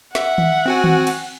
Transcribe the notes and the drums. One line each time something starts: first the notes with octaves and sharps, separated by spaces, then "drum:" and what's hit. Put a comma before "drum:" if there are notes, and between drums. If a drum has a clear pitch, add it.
E5 F#5, drum: snare
drum: tom D#3
C4 F#4 G#5
drum: tom D#3
drum: cymbal